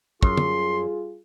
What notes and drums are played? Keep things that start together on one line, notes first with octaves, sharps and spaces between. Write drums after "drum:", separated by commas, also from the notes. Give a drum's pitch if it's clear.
F#2 G3 F4 G#4 C6, drum: kick
drum: tom